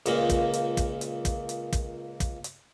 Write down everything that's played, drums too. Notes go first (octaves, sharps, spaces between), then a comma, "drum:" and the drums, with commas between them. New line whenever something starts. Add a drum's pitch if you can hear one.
C#2 A#2 A#3, drum: hi-hat
drum: kick, hi-hat
drum: hi-hat
drum: kick, hi-hat
drum: hi-hat
drum: kick, hi-hat
drum: hi-hat
drum: kick, hi-hat
drum: kick, hi-hat
drum: hi-hat